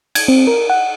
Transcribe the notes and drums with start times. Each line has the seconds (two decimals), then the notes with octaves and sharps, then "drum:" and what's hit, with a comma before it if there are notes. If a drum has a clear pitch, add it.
0.15 G#6, drum: cymbal
0.28 C4
0.47 A#4
0.70 F#5